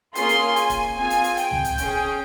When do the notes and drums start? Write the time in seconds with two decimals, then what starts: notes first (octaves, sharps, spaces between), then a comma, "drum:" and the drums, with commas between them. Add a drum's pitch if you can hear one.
0.15 A#3 C#4 F4 G#4 C6, drum: hi-hat
0.29 drum: hi-hat
0.56 G#5, drum: hi-hat
0.70 drum: kick, hi-hat
0.96 C4 F4 G#4 G#5
1.10 drum: hi-hat
1.24 drum: hi-hat
1.37 G5, drum: hi-hat
1.51 drum: tom C#2
1.65 drum: hi-hat
1.78 C#4 G#4, drum: kick, hi-hat